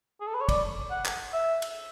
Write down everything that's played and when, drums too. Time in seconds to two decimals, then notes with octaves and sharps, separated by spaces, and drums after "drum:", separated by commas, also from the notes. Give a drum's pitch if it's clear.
0.21 G#4
0.28 A4
0.34 B4
0.41 C#5
0.49 D5, drum: kick, cymbal
0.91 F#5
1.05 drum: clap
1.34 E5
1.62 drum: cymbal